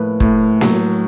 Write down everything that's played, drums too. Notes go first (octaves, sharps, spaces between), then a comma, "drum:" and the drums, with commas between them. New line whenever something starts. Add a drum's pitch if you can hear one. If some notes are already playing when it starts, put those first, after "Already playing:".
Already playing: A2 F3 A#3 B4
A2, drum: kick
F#3, drum: snare A#3